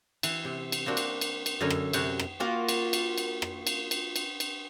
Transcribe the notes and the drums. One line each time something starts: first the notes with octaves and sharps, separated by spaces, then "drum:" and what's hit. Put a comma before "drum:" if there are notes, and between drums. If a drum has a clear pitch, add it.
E3, drum: cymbal
C3
drum: cymbal
A#3 C4 D4 F#4
drum: cymbal
drum: cymbal
drum: cymbal
F#2 D3 C#4 A4 G#5 A#5
drum: rim click
F#2 C3 F#4 F#5, drum: cymbal
drum: rim click
A#3 F4 F#4
drum: cymbal
drum: cymbal
drum: cymbal
drum: rim click
drum: cymbal
drum: cymbal
drum: cymbal
drum: cymbal